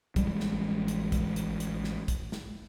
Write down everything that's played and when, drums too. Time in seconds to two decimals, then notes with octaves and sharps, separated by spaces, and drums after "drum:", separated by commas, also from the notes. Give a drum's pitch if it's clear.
0.16 A1 G3 G#3, drum: kick, hi-hat
0.40 drum: snare
0.88 drum: hi-hat
1.12 drum: kick, hi-hat
1.36 drum: hi-hat
1.60 drum: hi-hat
1.84 drum: snare
2.08 drum: kick, hi-hat
2.32 drum: snare